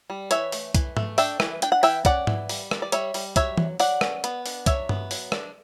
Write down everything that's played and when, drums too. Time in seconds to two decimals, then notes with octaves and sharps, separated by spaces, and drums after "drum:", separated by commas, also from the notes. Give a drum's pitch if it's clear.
0.10 G3
0.31 E3 C#5 E5, drum: hi-hat
0.52 A3, drum: open hi-hat
0.75 E3, drum: kick, hi-hat
0.97 A3, drum: tom G#2
1.18 D4 E5 G5, drum: open hi-hat
1.40 E3, drum: rim click
1.62 D4 G5, drum: hi-hat
1.72 F#5
1.83 E3 E5 G5, drum: open hi-hat
2.05 C#4 D5 F#5, drum: kick, hi-hat
2.27 E3, drum: tom G#2
2.49 G3, drum: open hi-hat
2.71 D4, drum: rim click
2.82 D5
2.92 G3 C#5 E5, drum: hi-hat
3.14 G3, drum: open hi-hat
3.36 F#3 C#5 E5, drum: kick, hi-hat
3.58 F#3, drum: tom E3
3.80 F#3 D5 F#5, drum: open hi-hat
4.01 C#4, drum: rim click
4.24 B3, drum: hi-hat
4.46 D4, drum: open hi-hat
4.66 F#3 C#5 E5, drum: kick, hi-hat
4.89 B3, drum: tom G2
5.11 F#3, drum: open hi-hat
5.32 D4, drum: rim click